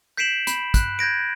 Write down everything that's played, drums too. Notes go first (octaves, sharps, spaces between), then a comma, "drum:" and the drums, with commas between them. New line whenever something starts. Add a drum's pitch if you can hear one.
G6 B6 C7 D7 E7 F#7
B5, drum: hi-hat
F#6, drum: kick, hi-hat
G6 G#6 A#6 D7